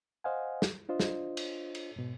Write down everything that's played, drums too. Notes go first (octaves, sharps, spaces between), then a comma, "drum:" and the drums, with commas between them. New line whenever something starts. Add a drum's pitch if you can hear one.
C5 D#5 F5 F#5 G#5
drum: snare
D4 F4 C5 D#5
drum: snare
drum: cymbal
drum: cymbal
G#2 B2